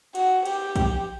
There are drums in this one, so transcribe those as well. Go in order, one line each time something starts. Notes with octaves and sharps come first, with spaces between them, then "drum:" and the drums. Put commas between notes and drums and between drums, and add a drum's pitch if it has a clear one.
F#4, drum: cymbal
G4, drum: cymbal
drum: kick A#1, cymbal